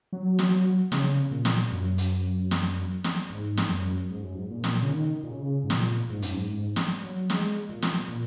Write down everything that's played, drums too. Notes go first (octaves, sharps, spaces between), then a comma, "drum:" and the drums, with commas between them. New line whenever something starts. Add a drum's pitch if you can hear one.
F#3
drum: snare
C#3, drum: snare
A#2
drum: snare
F#2
drum: hi-hat
drum: snare
drum: snare
G#2
drum: snare
F#2
G#2
F#2
G#2
A#2
drum: snare
C#3
D#3
A#2
C#3
G#2
A#2, drum: snare
G#2
F#2, drum: hi-hat
G#2
G#2
drum: snare
F#3
G#3, drum: snare
A#2
drum: snare
A#2